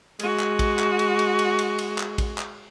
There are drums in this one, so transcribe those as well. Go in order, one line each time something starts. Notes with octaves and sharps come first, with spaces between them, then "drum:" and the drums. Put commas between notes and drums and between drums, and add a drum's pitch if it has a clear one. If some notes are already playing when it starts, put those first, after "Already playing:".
G#3 F#4, drum: cymbal
drum: clap
drum: kick, cymbal
drum: clap
drum: cymbal
drum: cymbal
drum: cymbal
drum: cymbal
drum: cymbal
drum: clap
drum: kick, cymbal
drum: clap